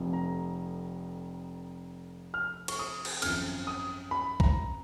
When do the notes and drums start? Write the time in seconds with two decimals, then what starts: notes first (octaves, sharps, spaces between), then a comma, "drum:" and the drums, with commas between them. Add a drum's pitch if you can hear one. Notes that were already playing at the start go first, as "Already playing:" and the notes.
Already playing: F1 F2 F3
0.13 A#5
2.34 F6
2.68 C#6, drum: cymbal
2.79 D#6
3.05 drum: cymbal
3.22 G#1 F#2 F3 F6, drum: cymbal
3.67 D#6
4.11 B5
4.40 A#5, drum: kick